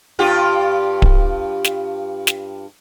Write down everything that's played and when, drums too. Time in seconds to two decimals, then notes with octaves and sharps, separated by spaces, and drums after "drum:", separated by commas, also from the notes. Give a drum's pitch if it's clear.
0.19 G2 F4 G4
1.02 drum: kick D1
1.65 drum: snare
2.27 drum: snare